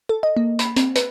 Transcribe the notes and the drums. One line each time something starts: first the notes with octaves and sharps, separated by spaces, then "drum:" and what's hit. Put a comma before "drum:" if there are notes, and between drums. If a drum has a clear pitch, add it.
A4
D#5
A#3
B5, drum: hi-hat
C4, drum: hi-hat
B4, drum: hi-hat